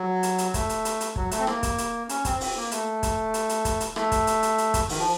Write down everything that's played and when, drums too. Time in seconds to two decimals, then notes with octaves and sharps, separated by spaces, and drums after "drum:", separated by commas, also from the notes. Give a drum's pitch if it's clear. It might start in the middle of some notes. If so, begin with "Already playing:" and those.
Already playing: F#3
0.23 drum: hi-hat
0.38 drum: hi-hat
0.54 A3, drum: kick, hi-hat
0.69 drum: hi-hat
0.85 drum: hi-hat
1.01 drum: hi-hat
1.16 F#3, drum: kick
1.31 A3, drum: hi-hat
1.40 C4
1.47 A#3, drum: rim click
1.63 drum: kick, hi-hat
1.78 drum: hi-hat
2.09 C#4, drum: hi-hat
2.25 C4, drum: kick, hi-hat
2.41 C4, drum: open hi-hat
2.56 A#3
2.71 A3, drum: hi-hat
3.03 drum: kick, hi-hat
3.34 drum: hi-hat
3.49 drum: hi-hat
3.65 drum: kick, hi-hat
3.80 drum: hi-hat
3.96 A3, drum: rim click
4.12 drum: kick, hi-hat
4.27 drum: hi-hat
4.43 drum: hi-hat
4.58 drum: hi-hat
4.74 drum: kick, hi-hat
4.89 D#3, drum: open hi-hat
4.99 F3